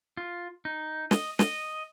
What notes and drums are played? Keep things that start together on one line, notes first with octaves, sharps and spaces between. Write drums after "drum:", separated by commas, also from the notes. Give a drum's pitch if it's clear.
F4
D#4
D#5, drum: snare
D#5, drum: snare